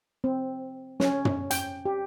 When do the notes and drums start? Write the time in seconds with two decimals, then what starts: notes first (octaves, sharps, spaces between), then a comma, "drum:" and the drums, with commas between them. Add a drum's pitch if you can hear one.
0.24 C4
1.00 C#4, drum: snare
1.25 drum: tom
1.51 G5, drum: hi-hat
1.85 G4